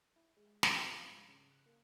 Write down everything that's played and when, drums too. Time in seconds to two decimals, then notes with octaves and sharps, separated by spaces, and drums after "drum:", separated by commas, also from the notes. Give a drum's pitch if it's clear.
0.16 E4
0.37 G#3
0.63 D#3, drum: snare
0.78 F3
0.94 F4
1.06 G#2
1.28 C#3
1.51 F#6
1.66 A#3